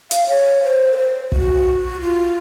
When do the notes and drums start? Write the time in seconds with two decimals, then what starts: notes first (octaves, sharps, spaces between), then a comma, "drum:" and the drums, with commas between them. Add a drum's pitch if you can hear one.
0.11 F5, drum: hi-hat
0.27 C#5
0.63 C5
0.92 A#4
0.97 C5
1.32 F#4, drum: kick
2.01 F4